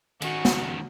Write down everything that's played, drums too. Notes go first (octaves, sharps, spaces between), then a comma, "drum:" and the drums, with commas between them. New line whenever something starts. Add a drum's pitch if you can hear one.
D#3 C#4 F#4, drum: cymbal
drum: snare